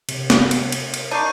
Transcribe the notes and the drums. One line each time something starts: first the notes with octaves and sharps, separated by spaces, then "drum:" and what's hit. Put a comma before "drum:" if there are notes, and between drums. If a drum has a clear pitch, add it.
C3, drum: cymbal
drum: snare
drum: cymbal
drum: cymbal
drum: cymbal
D4 D#4 A5 C#6 G6 C7 D#7